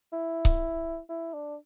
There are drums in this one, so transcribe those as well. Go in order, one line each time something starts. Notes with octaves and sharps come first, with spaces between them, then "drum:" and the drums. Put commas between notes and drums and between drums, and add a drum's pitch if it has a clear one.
E4
drum: kick C#1
E4
D4